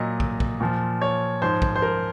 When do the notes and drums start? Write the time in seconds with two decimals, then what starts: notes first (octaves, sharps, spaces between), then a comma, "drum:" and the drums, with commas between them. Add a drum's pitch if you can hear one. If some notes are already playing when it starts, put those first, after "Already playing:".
Already playing: A#2 F#3 D#5
0.20 drum: kick
0.40 drum: kick
0.60 A#2 F3
1.01 C#5
1.41 G#2 F3 C5
1.62 drum: kick
1.75 C5
1.82 A#4